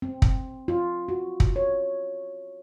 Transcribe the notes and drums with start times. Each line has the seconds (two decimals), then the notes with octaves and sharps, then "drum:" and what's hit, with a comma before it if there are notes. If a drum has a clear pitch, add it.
0.02 C4
0.22 drum: kick
0.68 F4
1.08 F#4
1.40 drum: kick
1.56 C#5